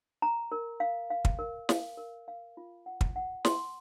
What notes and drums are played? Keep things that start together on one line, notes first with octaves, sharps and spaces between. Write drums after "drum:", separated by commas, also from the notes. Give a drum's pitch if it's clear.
A#5
A#4
F5
F5
drum: kick
A#4
F5, drum: snare
A#4
F5
F4
F#5
drum: kick
F#5
C6, drum: snare